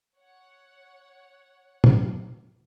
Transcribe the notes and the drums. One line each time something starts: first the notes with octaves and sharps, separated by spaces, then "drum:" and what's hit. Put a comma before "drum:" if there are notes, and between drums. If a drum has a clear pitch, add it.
C#5 F#5
drum: tom